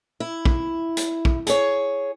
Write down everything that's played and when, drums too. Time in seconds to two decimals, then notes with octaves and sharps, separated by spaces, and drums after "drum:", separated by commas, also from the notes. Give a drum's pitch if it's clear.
0.20 E4
0.45 drum: kick
0.97 drum: hi-hat
1.25 drum: kick
1.47 G#4 C#5, drum: hi-hat